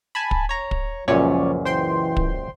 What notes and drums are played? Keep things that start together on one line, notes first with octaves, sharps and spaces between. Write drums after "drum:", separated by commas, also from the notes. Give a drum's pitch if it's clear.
G#5 A5 B5
drum: kick
C#5 A#5
drum: kick
C#2 F#2 A#2 F3 C#4 C#5 D5
E3 C5 G5 C6
drum: kick